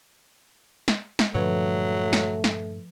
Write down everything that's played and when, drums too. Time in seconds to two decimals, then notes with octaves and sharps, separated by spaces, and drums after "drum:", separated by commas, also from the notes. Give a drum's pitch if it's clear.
0.88 drum: snare
1.19 drum: snare
1.35 G2 A#2 D3 F3 F#3 A3 B4
2.13 drum: snare
2.44 drum: snare